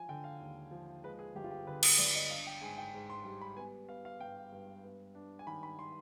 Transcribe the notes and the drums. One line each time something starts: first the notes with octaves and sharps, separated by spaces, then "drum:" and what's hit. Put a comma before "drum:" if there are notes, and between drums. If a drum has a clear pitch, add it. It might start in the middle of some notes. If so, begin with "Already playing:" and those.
Already playing: F3 G#5
D3 G5
F5
D#2
F3
G#3 B4
G#4
G1 G4
F4
G4
D3 B4
B4, drum: cymbal
G1 D5
D#5
D4 F5
G5
G#2 G#5
G5
G#2
C6
G3
B5
B3 G#5
B3 F5
F5
G2 G5
G2
B3
D4
G#5
D#3 B5
B5
C6